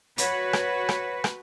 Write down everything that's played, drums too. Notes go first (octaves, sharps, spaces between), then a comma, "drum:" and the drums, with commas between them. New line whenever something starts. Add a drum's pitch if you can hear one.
F#4 B4 C#5, drum: hi-hat
drum: rim click
drum: rim click
drum: rim click